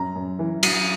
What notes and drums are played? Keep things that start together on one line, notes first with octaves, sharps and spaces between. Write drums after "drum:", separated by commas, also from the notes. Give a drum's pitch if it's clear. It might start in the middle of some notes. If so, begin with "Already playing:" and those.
Already playing: F#2 A#5
F#2
E3
F#3, drum: cymbal